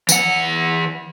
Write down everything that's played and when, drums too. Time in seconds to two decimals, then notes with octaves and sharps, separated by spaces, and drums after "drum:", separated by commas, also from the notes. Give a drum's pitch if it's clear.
0.09 E3 F#5, drum: tambourine